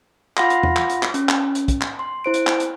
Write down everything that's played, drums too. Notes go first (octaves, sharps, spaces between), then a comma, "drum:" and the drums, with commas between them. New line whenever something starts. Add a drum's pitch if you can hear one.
F4 F5 F#5 B5 C6 A#6, drum: clap
drum: hi-hat
drum: tom E2
drum: clap
drum: hi-hat
drum: clap
C#4, drum: hi-hat
drum: clap
drum: hi-hat
drum: kick, hi-hat
drum: clap
C6
E4 C5 D7
drum: hi-hat
drum: clap
drum: hi-hat